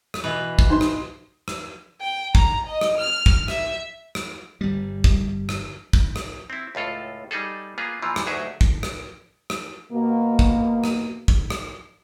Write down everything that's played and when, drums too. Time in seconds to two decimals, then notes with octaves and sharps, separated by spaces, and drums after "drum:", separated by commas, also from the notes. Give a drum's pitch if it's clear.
0.14 drum: rim click
0.24 B2 E3 B4
0.59 drum: kick
0.70 D#4 C5 C6
0.81 drum: rim click
1.48 drum: rim click
2.01 G5
2.35 A#5, drum: kick
2.66 D#5
2.81 drum: rim click
2.98 F6
3.26 drum: kick
3.48 E5, drum: rim click
4.15 drum: rim click
4.61 G1 G3
5.04 drum: kick
5.49 drum: rim click
5.93 drum: kick
6.16 drum: rim click
6.50 C4 E4
6.75 C#2 A2 F4 A4
7.31 G3 D#4 G#4 A4
7.78 A#3 B3 F4 G#4
8.02 A#2 E3 F3 F4
8.16 drum: rim click
8.27 D2 F#3 D#4 G#4 E5
8.61 drum: kick
8.83 drum: rim click
9.50 drum: rim click
9.92 B2 A#3
10.39 drum: kick
10.84 drum: rim click
11.28 drum: kick
11.50 drum: rim click